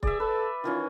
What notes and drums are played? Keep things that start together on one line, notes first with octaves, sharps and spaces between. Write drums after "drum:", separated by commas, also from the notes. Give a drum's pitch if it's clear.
G#4 D5 E5, drum: kick C#1
A4 B4
D#3 E3 C#4 F4